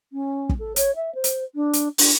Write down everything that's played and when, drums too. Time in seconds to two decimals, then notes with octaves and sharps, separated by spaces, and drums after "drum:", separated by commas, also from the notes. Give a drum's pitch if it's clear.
0.13 C#4
0.49 drum: kick
0.59 A4
0.76 C#5, drum: hi-hat
0.95 E5
1.15 C5
1.24 drum: hi-hat
1.55 D4
1.73 drum: hi-hat
1.98 D4, drum: open hi-hat